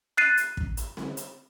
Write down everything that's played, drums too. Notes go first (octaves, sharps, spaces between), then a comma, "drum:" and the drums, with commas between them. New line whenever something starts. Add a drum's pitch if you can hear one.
F#6 A6 C7 D#7
drum: hi-hat
drum: kick
drum: hi-hat
drum: snare C4
drum: hi-hat